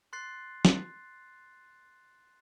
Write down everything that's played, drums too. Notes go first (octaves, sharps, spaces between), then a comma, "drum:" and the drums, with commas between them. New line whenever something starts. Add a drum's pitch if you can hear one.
C6 F#6 A6 C7
drum: snare